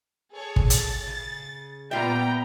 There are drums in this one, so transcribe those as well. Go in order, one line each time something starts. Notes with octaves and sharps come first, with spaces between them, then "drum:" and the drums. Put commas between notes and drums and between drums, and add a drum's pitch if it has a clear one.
G#4 A4 C#5
drum: kick
A6, drum: hi-hat
C#3
A#2 G3 B3 F4 E5 G5 A#5